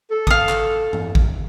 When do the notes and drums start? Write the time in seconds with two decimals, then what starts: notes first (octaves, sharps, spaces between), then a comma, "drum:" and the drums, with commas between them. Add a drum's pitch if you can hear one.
0.11 A4
0.27 F5 D#6, drum: kick G#1
0.49 drum: clap
0.93 drum: tom G2
1.15 drum: kick G#1